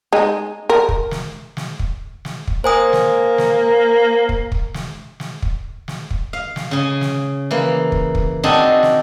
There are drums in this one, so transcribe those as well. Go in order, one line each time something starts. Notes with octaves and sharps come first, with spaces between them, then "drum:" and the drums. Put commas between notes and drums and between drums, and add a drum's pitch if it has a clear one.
G#3 D#4
A#4
drum: kick
drum: snare
drum: snare
drum: kick
drum: snare
drum: kick
A#3 C5 G#5 D#6
drum: snare
drum: snare
drum: kick
drum: kick
drum: snare
drum: snare
drum: kick
drum: snare
drum: kick
F5
drum: snare
C#3 G#4
drum: snare
E3 A#3
drum: kick
drum: kick
C4 D4 D#4 F#4 G#4 A4
drum: snare